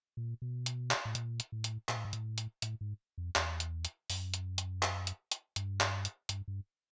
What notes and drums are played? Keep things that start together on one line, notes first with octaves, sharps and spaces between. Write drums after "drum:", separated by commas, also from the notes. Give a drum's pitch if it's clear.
A#2
B2
drum: hi-hat
drum: clap
A2
A#2, drum: hi-hat
drum: hi-hat
A2
drum: hi-hat
A#2, drum: clap
A2
G#2
A2, drum: hi-hat
drum: hi-hat
A2, drum: hi-hat
G#2
F2
E2, drum: clap
drum: hi-hat
drum: hi-hat
F#2, drum: open hi-hat
drum: hi-hat
drum: hi-hat
drum: clap
drum: hi-hat
drum: hi-hat
G2, drum: hi-hat
drum: clap
drum: hi-hat
G2, drum: hi-hat
G2